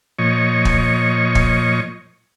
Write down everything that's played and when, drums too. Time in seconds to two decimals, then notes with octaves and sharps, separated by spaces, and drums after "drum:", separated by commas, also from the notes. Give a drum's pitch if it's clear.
0.19 A#2 F3 C#5 D#5 C#6
0.65 drum: kick
1.35 drum: kick